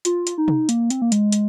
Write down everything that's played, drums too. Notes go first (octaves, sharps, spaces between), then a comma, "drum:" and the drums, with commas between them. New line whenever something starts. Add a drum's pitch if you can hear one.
F4, drum: hi-hat
drum: hi-hat
D#4
drum: tom
A#3, drum: hi-hat
C4, drum: hi-hat
A#3
G#3, drum: hi-hat
drum: hi-hat